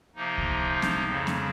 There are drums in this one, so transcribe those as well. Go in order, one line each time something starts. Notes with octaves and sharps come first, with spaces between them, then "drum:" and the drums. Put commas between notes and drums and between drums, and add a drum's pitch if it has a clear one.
C3 F3 A#3 D#4
drum: kick C#2
drum: snare C4
F2 C#3 F#3
drum: snare C4